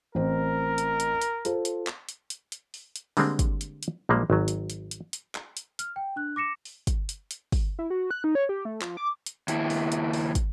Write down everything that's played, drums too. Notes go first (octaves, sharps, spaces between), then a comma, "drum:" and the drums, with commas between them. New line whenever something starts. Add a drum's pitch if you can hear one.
A1 C4 A#4
drum: hi-hat
drum: hi-hat
drum: hi-hat
F4 A4 C5, drum: hi-hat
drum: hi-hat
drum: clap
drum: hi-hat
drum: hi-hat
drum: hi-hat
drum: open hi-hat
drum: hi-hat
D3 G3 G#3 A#3 C4 D4, drum: open hi-hat
drum: kick, hi-hat
drum: hi-hat
drum: hi-hat
A#1 G3 G#3 A#3
G#1 F#3
drum: hi-hat
drum: hi-hat
drum: hi-hat
drum: hi-hat
drum: clap
drum: hi-hat
F6, drum: hi-hat
G5
D4 F#6
D6 A#6 C#7 E7
drum: open hi-hat
drum: kick, hi-hat
drum: hi-hat
drum: hi-hat
drum: kick, open hi-hat
E4
F#4
F#6
D#4
C#5
G4
A3
F3, drum: clap
D6
drum: hi-hat
D#2 E4, drum: hi-hat
drum: open hi-hat
drum: hi-hat
drum: open hi-hat
drum: kick, hi-hat